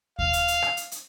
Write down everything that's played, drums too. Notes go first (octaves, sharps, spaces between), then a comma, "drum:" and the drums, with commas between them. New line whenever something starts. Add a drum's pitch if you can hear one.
F5, drum: kick D#2
drum: hi-hat
drum: hi-hat
drum: rim click
drum: hi-hat
drum: hi-hat